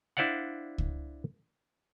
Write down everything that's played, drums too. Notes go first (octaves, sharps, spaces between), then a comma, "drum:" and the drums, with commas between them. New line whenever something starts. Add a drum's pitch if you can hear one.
D4 E4 C5 D5 F5 F#5
drum: kick C#2